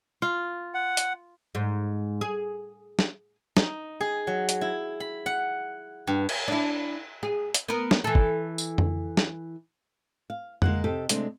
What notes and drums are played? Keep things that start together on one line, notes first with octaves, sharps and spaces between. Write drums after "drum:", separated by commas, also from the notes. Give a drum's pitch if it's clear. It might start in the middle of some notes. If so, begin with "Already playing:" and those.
F4
F#5
drum: hi-hat
G#2
G#4
drum: snare
D#4, drum: snare
G#4
F#3
drum: hi-hat
E4
B5
F#5
G2
drum: cymbal
D4 E4
G#4
drum: hi-hat
B3 A#4
drum: snare
E3 A4
drum: kick
drum: tambourine
drum: tom F2
drum: snare
F5
G#3 A#3 F#5, drum: tom F2
C3 D#4 G4 A4
C3 G#3 A3 D4, drum: hi-hat